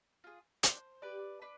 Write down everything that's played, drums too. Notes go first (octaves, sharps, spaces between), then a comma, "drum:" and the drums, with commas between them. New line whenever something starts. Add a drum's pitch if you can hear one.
F4 G#4
D4 C5, drum: hi-hat
G4 B4 D5
D4 B4